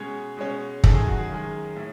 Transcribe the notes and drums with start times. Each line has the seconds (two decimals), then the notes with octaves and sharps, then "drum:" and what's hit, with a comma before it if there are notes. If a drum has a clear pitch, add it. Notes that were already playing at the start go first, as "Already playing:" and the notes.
Already playing: B2 G#3 C#4 C#5
0.37 B2 G#3 C#4
0.84 F#2 D#3 G#3 A4, drum: kick
0.95 G#4
1.07 F#4
1.18 G#4
1.29 F#2 D#3 G#3
1.76 A2